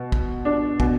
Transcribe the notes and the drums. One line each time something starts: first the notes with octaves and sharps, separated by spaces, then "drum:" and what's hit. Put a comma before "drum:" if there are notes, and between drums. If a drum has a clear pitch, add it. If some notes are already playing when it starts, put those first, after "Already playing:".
Already playing: B2
drum: kick
D4
B2, drum: kick